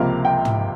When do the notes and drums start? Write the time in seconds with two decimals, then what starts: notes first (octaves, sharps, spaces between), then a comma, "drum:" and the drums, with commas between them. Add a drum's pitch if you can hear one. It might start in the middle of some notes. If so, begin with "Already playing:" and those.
Already playing: C#2 C3 F3 A#3 F5
0.25 G5
0.45 drum: tom